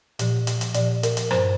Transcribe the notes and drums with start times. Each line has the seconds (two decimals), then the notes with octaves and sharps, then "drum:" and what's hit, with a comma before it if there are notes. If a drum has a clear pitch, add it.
0.19 A#2 F3, drum: hi-hat
0.47 drum: hi-hat
0.61 drum: hi-hat
0.74 A#2 D5, drum: hi-hat
0.80 F3
1.03 A#4, drum: hi-hat
1.17 drum: hi-hat
1.31 G2 F3 C5, drum: rim click